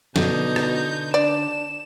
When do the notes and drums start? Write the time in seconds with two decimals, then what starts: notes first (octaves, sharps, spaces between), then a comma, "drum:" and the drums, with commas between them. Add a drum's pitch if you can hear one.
0.16 B2 D3 D#4 F#4 B4 G6, drum: snare
0.56 drum: rim click
1.14 D4 D5 E7